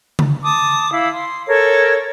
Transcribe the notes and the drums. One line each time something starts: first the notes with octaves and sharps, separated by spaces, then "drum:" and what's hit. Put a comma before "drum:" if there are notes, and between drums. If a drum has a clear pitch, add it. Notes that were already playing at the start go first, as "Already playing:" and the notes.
drum: tom C#3
A5 D6 D#6
E4 F5
C6
A4 A#4 C#5